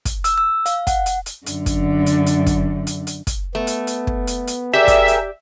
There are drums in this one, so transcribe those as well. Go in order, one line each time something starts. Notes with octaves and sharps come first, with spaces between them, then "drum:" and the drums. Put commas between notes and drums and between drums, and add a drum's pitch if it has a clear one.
drum: kick, hi-hat
E6, drum: hi-hat
E6
F5, drum: hi-hat
F#5, drum: kick, hi-hat
drum: hi-hat
drum: hi-hat
F#2 D3, drum: hi-hat
drum: kick, hi-hat
drum: hi-hat
drum: hi-hat
drum: kick, hi-hat
drum: hi-hat
drum: hi-hat
drum: kick, hi-hat
A3 B3
drum: hi-hat
drum: hi-hat
drum: kick
drum: hi-hat
drum: hi-hat
G4 G#4 A#4 D5 E5 G5
drum: kick, hi-hat
drum: hi-hat